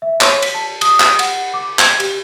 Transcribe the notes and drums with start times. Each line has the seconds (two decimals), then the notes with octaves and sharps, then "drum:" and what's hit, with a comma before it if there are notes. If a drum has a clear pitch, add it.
0.02 E5
0.21 C#5, drum: clap
0.42 B6, drum: cymbal
0.54 A5
0.81 D#6, drum: cymbal
1.00 drum: clap
1.19 F#5, drum: cymbal
1.54 D6
1.79 G#6, drum: clap
2.00 G4, drum: cymbal